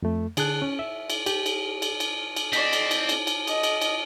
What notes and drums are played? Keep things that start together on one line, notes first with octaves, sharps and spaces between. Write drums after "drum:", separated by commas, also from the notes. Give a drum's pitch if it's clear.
F2 A3
D3 G#4 A5 F#6, drum: cymbal
C#4
E5
drum: cymbal
G4, drum: cymbal
drum: cymbal
drum: cymbal
drum: cymbal
drum: cymbal
C4 D5 D#5 B6, drum: cymbal
drum: cymbal
drum: cymbal
drum: cymbal
drum: cymbal
D#5, drum: cymbal
drum: cymbal
drum: cymbal